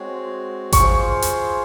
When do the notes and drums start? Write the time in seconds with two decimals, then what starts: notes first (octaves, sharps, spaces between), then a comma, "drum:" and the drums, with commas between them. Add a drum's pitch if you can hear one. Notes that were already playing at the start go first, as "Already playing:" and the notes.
Already playing: G#3 C4 F#4 C#5
0.72 F4 G#4 C5 C#6, drum: kick G#1, hi-hat
1.22 drum: hi-hat